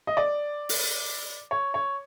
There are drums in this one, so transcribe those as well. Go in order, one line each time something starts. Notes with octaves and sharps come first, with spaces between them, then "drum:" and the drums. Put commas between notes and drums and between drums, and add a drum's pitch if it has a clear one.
D#5
D5
drum: open hi-hat
C#5
C#5